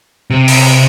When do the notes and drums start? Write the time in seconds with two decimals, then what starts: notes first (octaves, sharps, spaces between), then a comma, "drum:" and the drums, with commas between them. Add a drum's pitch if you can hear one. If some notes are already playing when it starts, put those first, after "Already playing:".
0.30 C3
0.48 drum: open hi-hat